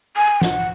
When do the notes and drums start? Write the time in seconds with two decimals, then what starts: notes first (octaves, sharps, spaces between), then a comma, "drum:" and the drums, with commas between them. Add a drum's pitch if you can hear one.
0.17 G#5
0.41 F#5, drum: snare